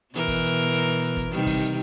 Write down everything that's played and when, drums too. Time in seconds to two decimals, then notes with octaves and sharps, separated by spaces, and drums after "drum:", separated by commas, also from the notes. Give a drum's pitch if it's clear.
0.14 B2 E3 A#4, drum: hi-hat
0.28 drum: kick, open hi-hat
0.43 drum: hi-hat
0.57 drum: hi-hat
0.72 drum: hi-hat
0.87 drum: hi-hat
1.02 drum: hi-hat
1.17 drum: kick, hi-hat
1.31 C3 D#3 G3, drum: hi-hat
1.46 drum: kick, open hi-hat
1.61 drum: hi-hat